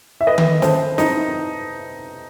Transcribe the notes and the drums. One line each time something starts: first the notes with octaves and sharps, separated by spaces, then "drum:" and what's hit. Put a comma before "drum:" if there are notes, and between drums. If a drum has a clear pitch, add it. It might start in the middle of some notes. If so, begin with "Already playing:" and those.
E5
B4 D#5
drum: tom D#3
A4 C5, drum: snare
D#4, drum: snare